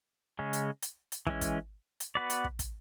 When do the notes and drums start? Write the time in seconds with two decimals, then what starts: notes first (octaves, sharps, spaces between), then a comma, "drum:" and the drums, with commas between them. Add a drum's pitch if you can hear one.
0.39 C#3 G#3 C#4
0.53 drum: hi-hat
0.82 drum: hi-hat
1.12 drum: hi-hat
1.27 E3 G#3 C#4, drum: kick
1.41 drum: kick, hi-hat
2.00 drum: hi-hat
2.15 B3 F#4 B4 D5
2.30 drum: hi-hat
2.44 drum: kick
2.59 drum: kick, hi-hat